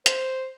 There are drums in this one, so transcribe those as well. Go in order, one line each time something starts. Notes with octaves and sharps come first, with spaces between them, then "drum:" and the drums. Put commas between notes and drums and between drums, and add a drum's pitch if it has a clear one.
C5, drum: hi-hat